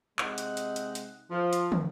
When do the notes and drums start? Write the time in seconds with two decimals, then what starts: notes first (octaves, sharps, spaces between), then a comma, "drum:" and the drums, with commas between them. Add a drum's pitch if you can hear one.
0.19 C3 G#3 D#4 F#5, drum: clap
0.38 drum: hi-hat
0.57 drum: hi-hat
0.76 drum: hi-hat
0.95 drum: hi-hat
1.30 F3
1.53 drum: hi-hat
1.72 drum: tom